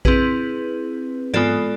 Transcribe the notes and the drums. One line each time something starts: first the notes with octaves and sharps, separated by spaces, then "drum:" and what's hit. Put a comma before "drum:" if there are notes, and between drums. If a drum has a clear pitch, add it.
C4 E4 G#4 B4, drum: kick A#1
G#3 B3 F4 A4 D5, drum: tom G#2